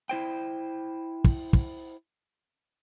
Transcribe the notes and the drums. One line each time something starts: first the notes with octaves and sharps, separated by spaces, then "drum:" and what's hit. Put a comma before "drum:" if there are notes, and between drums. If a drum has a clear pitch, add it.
E4 C5 G5
drum: kick
drum: kick